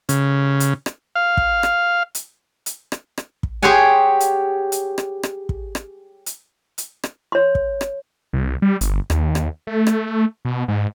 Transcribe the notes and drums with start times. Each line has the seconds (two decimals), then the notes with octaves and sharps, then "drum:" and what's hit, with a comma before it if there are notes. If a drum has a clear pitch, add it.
0.09 C#3, drum: hi-hat
0.60 drum: hi-hat
0.86 drum: rim click
1.16 F5
1.37 drum: kick
1.63 drum: rim click
2.15 drum: hi-hat
2.66 drum: hi-hat
2.92 drum: rim click
3.18 drum: rim click
3.43 drum: kick
3.62 G4 G#4 C5 C#5 F#5 G#5
4.20 drum: hi-hat
4.72 drum: hi-hat
4.98 drum: rim click
5.23 drum: rim click
5.49 drum: kick
5.75 drum: rim click
6.26 drum: hi-hat
6.78 drum: hi-hat
7.03 drum: rim click
7.32 C#5 C6
7.55 drum: kick
7.81 drum: rim click
8.33 C2
8.62 G3
8.81 G1, drum: hi-hat
9.10 D#2, drum: rim click
9.35 drum: rim click
9.67 A3
9.87 drum: rim click
10.45 B2
10.68 G#2